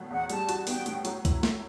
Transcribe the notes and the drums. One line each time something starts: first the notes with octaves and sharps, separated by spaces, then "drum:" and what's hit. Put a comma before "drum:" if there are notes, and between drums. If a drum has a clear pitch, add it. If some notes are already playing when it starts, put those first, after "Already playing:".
Already playing: A2 D3 F#3 B3
E2 F#5
G3 A5, drum: hi-hat
F#4, drum: hi-hat
B3 G5, drum: open hi-hat
A2, drum: hi-hat
F#3, drum: hi-hat
E4, drum: kick, hi-hat
A3, drum: snare